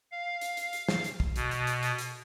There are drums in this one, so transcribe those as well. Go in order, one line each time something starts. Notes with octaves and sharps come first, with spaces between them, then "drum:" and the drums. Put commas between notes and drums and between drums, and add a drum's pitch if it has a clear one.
F5
drum: hi-hat
drum: hi-hat
drum: hi-hat
drum: snare
drum: hi-hat
drum: kick
B2, drum: hi-hat
drum: hi-hat
drum: hi-hat
drum: hi-hat
drum: hi-hat